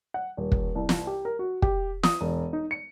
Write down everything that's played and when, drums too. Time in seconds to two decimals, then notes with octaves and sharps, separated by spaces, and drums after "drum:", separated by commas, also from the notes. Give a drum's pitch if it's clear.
0.14 F#5
0.37 D#1
0.52 drum: kick
0.75 C2
0.89 drum: snare
1.07 G4
1.25 A#4
1.39 F#4
1.62 G4, drum: kick
2.03 D#6, drum: snare
2.21 E1
2.53 D#4
2.71 C#7